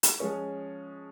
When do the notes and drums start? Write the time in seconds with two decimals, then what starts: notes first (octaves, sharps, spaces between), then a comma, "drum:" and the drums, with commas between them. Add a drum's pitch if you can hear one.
0.03 drum: hi-hat
0.19 F3 G#3 C#4 C#6